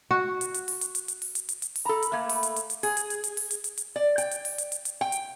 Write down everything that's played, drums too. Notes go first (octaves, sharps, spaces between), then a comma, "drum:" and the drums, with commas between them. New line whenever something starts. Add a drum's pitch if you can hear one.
F#4
drum: hi-hat
drum: hi-hat
drum: open hi-hat
drum: hi-hat
drum: hi-hat
drum: hi-hat
drum: open hi-hat
drum: hi-hat
drum: hi-hat
drum: hi-hat
drum: open hi-hat
A4 A#5 B5
drum: hi-hat
A3 A#3
drum: open hi-hat
drum: hi-hat
drum: hi-hat
drum: hi-hat
G#4, drum: open hi-hat
drum: hi-hat
drum: hi-hat
drum: hi-hat
drum: open hi-hat
drum: hi-hat
drum: hi-hat
drum: hi-hat
D5
G5, drum: hi-hat
drum: hi-hat
drum: open hi-hat
drum: hi-hat
drum: hi-hat
drum: hi-hat
G5
drum: hi-hat